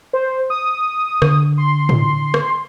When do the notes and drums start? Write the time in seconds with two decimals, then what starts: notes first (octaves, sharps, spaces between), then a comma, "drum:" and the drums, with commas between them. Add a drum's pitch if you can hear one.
0.13 C5
0.50 D#6
1.22 D3, drum: rim click
1.58 C6
1.89 drum: tom A2
2.34 drum: rim click